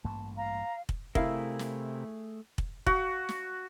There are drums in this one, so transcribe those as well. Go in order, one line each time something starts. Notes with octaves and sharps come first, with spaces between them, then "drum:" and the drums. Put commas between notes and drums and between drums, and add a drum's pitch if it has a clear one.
A1 G2 A#3 A5
F5 A#5
drum: kick
C3 A3 E4 G#4 A#4 E5 F5, drum: kick
drum: snare
drum: kick
F#4, drum: kick
drum: snare